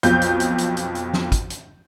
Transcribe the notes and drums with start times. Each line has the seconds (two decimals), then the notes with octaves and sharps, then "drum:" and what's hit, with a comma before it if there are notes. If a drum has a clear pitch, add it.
0.03 B1 F2 G6, drum: hi-hat
0.22 drum: hi-hat
0.40 drum: hi-hat
0.58 drum: hi-hat
0.77 drum: hi-hat
0.95 drum: hi-hat
1.13 drum: snare
1.32 drum: kick, hi-hat
1.50 drum: hi-hat